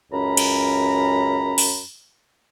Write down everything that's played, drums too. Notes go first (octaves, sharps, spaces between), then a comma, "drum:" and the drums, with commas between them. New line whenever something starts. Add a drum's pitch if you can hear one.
C#2 F#2 C#4 A#5 B5
drum: cymbal
drum: open hi-hat